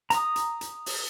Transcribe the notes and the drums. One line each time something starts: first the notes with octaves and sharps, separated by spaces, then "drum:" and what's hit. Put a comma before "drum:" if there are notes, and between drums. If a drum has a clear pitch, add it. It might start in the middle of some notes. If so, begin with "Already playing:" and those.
A#5 D#6, drum: hi-hat
drum: hi-hat
drum: hi-hat
drum: open hi-hat